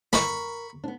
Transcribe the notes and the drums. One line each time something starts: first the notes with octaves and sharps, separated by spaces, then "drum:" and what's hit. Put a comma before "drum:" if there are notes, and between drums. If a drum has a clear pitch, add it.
A#4 B5 C#6, drum: snare
B3 D4